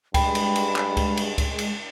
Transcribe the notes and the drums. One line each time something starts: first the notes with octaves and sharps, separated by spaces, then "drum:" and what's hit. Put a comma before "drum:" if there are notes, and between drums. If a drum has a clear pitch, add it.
G2 G#3 G5 B5, drum: kick C#2, cymbal
drum: cymbal
drum: cymbal
drum: clap
drum: kick C#2, cymbal
drum: cymbal
drum: kick C#2, cymbal
drum: cymbal